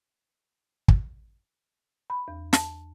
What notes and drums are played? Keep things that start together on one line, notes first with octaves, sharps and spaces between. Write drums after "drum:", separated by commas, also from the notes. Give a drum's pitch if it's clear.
drum: kick
B5
E2
A5, drum: snare